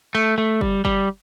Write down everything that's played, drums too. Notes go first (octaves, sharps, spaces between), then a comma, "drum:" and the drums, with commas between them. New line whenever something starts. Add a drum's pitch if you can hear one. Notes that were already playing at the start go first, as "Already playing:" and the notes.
A3
A3
G3, drum: kick F#1
G3, drum: kick F#1